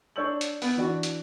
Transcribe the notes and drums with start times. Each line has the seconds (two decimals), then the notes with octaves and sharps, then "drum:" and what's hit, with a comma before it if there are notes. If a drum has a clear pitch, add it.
0.16 D4 C#5 C#6 E6 G6 F#7
0.41 drum: hi-hat
0.62 B3, drum: open hi-hat
0.78 E3 D4 F#4
1.03 drum: hi-hat